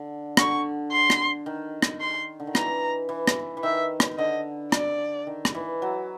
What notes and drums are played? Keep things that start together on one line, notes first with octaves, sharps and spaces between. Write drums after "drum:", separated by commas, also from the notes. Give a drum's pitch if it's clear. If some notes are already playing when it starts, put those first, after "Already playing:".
Already playing: D3
D3 C#6, drum: rim click
C6
drum: rim click
D#3
drum: rim click
C6
D3
D#3
E3 A#5, drum: rim click
E3
drum: rim click
E3
D#3 E5
drum: rim click
D3 D#5
D5, drum: rim click
D#3
drum: rim click
E3
F#3